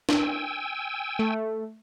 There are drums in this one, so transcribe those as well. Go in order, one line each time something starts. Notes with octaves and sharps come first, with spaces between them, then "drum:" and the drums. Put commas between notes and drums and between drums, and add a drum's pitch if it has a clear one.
G5 G#5 E6, drum: snare
A3